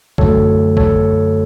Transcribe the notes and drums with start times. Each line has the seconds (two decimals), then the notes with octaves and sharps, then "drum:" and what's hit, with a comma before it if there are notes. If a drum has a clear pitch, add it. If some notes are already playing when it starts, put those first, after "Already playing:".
0.18 F#2 D3 F#3 A3 A4 C#5, drum: kick
0.77 A4 C#5, drum: kick